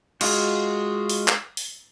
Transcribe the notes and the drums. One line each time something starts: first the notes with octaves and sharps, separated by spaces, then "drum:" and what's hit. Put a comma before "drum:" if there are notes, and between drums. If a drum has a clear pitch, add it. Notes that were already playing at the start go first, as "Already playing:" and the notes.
G#3 F4 F#4, drum: cymbal
drum: open hi-hat
drum: clap
drum: open hi-hat